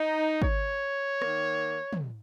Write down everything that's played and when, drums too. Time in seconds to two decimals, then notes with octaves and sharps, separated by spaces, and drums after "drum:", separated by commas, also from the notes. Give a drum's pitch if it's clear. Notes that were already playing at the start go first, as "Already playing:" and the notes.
Already playing: D#4
0.42 C#5, drum: kick G#1
1.22 D#3 A#3, drum: rim click
1.93 drum: tom